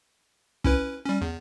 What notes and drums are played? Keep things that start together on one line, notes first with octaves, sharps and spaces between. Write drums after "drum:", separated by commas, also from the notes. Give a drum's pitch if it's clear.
C#4 E4 B4, drum: kick
G3 C#4
E2